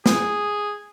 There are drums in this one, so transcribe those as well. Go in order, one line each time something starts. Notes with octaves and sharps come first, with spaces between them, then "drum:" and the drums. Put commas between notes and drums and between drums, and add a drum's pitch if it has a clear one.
G#4, drum: snare